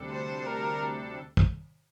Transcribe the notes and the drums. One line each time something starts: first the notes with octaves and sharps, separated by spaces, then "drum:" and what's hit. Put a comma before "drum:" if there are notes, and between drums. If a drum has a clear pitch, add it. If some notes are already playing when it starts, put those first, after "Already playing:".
Already playing: D2 C3 G3 D4 A4
C5
A#4
drum: kick